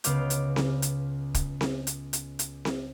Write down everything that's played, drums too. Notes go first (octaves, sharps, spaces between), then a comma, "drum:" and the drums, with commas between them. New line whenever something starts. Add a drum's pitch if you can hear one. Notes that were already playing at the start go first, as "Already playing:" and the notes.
C#2 C#3 B3 F5 D6 G6, drum: hi-hat
drum: hi-hat
drum: snare C4
drum: hi-hat
drum: kick, hi-hat
drum: snare C4
drum: hi-hat
drum: hi-hat
drum: hi-hat
drum: snare C4